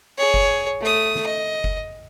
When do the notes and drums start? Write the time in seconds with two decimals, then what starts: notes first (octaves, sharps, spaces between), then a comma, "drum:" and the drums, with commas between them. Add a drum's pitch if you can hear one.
0.18 G#4 C#5
0.34 drum: kick F#1
0.81 A3 D#6
1.15 drum: snare
1.27 D#5
1.64 drum: kick F#1